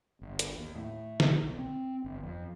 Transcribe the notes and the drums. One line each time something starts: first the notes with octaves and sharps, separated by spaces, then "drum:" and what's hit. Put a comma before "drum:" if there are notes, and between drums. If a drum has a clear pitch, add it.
G1
drum: hi-hat
D#2
A2
drum: snare
B1
C4
G1
F2